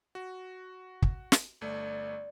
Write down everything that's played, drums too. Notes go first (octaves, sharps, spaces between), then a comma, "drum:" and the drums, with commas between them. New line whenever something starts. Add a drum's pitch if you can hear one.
F#4
drum: kick
drum: snare
G1 A3 D5